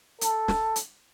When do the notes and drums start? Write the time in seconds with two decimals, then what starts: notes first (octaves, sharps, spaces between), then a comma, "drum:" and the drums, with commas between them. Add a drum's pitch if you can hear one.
0.21 A4, drum: hi-hat
0.48 drum: snare
0.76 drum: hi-hat